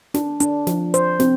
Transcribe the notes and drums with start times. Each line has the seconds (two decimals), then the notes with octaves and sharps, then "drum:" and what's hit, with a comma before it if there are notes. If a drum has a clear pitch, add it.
0.14 D4, drum: snare
0.40 D4, drum: hi-hat
0.67 F3, drum: snare
0.94 C5, drum: hi-hat
1.20 C4, drum: snare